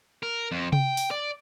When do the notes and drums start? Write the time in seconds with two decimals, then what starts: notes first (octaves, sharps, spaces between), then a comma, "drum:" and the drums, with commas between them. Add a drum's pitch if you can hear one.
0.23 A#4
0.52 F2
0.73 G5, drum: tom C3
0.97 drum: open hi-hat
1.11 D5